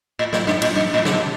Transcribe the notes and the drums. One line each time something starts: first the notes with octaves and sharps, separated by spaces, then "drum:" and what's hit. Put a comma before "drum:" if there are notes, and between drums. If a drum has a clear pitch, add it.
A2
A2, drum: snare
F#2, drum: snare
A2, drum: cymbal
F#2
A2
C#3, drum: snare
B2